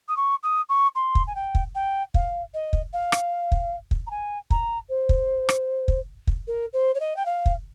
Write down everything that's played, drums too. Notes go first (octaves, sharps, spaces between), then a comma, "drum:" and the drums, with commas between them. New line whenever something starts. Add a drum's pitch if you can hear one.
D#6
C#6
D#6
C#6
C6
drum: kick
G#5
G5
drum: kick
G5
F5, drum: kick
D#5
drum: kick
F5
drum: rim click
drum: kick
drum: kick
A#5
G#5
A#5, drum: kick
C5
drum: kick
drum: rim click
drum: kick
drum: kick
A#4
C5
C#5
D#5
G5
F5
drum: kick